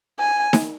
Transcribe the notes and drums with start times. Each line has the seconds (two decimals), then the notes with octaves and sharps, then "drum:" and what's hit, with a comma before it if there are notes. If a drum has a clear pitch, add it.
0.19 G#5
0.53 drum: snare D#4